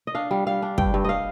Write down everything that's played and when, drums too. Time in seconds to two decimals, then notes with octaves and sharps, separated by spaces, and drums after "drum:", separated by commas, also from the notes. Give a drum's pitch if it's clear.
0.07 D#5
0.15 D4 F5
0.31 G3
0.46 G3 F5
0.62 D4
0.78 G2 G5, drum: kick
0.94 G2
1.04 D#5 F5